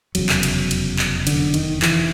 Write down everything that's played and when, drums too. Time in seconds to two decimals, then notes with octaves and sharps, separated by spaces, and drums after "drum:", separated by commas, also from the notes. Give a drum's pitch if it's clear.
0.15 F1 E2 C#3 F#3, drum: cymbal
0.29 drum: clap
0.43 drum: cymbal
0.71 drum: cymbal
0.99 drum: clap
1.27 D3, drum: cymbal
1.54 D#3, drum: cymbal
1.82 E3, drum: clap